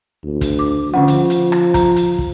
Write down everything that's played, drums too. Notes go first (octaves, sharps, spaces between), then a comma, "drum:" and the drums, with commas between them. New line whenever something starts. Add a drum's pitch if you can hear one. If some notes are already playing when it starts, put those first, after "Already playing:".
D2
drum: kick, hi-hat
D6
D3 F3 C#4 F#5
drum: hi-hat
drum: hi-hat
drum: rim click
A#5, drum: kick, hi-hat
drum: hi-hat
drum: kick